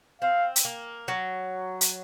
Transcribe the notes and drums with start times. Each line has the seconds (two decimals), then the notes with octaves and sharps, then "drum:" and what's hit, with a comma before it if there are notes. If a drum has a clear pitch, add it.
0.21 C4 F5
0.56 drum: hi-hat
0.65 A#3
1.08 F#3
1.81 drum: hi-hat